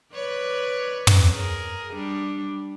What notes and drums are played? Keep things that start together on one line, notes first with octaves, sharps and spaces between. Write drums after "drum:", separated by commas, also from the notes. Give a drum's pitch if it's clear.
B4 C#5 D5
drum: tom
G#4 A#4
G3 D4